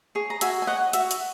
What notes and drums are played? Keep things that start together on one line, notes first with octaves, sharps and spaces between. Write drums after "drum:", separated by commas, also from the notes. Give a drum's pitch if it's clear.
G#4 C#5
A#5
F#4 E5 G#5, drum: hi-hat
G#5
C#5 D#5 F#5
F#4 E5, drum: hi-hat
drum: hi-hat